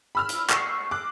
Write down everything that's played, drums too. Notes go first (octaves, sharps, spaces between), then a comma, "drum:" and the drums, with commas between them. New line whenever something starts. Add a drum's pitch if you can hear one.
B5 E6 F6
drum: hi-hat
C#6 E6 C7, drum: clap
D6 F#6